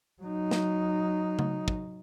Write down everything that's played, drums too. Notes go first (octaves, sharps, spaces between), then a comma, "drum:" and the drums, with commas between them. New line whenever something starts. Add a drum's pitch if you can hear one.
F#3 D#4
drum: snare
drum: tom C#3
drum: kick